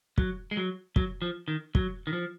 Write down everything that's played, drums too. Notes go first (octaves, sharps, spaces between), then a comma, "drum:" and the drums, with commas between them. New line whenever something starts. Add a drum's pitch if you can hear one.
F#3, drum: kick
G#3
F#3
F#3, drum: kick
F3
D#3
F#3, drum: kick
D#3
F3